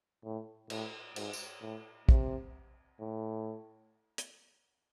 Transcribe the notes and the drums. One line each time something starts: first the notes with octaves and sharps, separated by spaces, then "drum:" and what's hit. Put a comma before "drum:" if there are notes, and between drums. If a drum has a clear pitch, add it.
A2
A2, drum: cymbal
G#2, drum: cymbal
drum: tambourine
A2
C3, drum: kick
A2
drum: hi-hat